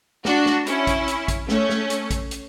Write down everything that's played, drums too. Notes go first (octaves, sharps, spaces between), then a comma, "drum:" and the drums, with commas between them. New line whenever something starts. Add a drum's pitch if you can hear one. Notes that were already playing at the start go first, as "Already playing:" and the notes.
D4 F#4, drum: snare
drum: snare
C#4 E4, drum: hi-hat
drum: kick, hi-hat
drum: hi-hat
drum: kick, hi-hat
A3 C#4, drum: snare
drum: snare
drum: hi-hat
drum: kick, hi-hat
drum: hi-hat